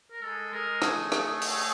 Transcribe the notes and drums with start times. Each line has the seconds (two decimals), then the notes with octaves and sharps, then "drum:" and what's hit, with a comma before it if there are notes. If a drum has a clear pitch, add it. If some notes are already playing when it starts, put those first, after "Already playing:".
0.11 A#4
0.23 G#3 A4
0.53 G#3 A#4
0.82 A3 G#4, drum: rim click
1.12 drum: rim click
1.41 drum: open hi-hat